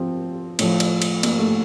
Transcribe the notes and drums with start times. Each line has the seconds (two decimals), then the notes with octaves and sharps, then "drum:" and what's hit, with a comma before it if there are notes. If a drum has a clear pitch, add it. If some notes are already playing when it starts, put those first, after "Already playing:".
Already playing: F3 C4
0.59 A2 F3, drum: cymbal
0.80 drum: cymbal
1.02 drum: cymbal
1.23 A#3, drum: cymbal
1.39 A3